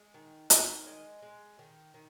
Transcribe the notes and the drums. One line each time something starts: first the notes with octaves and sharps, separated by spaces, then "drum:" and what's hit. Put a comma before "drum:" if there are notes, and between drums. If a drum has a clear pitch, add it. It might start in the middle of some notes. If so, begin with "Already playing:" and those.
Already playing: G#3
D#3
D#3, drum: hi-hat
G#3 D#5
G#3
D#3
D#3